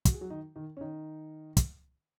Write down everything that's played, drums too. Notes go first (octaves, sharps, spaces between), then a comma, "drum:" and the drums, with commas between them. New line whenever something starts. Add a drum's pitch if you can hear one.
F#4, drum: kick, hi-hat
G#4
F#3 F#4
D#3 D#4
D#3 D#4
C#4
D#3 D#4
drum: kick, hi-hat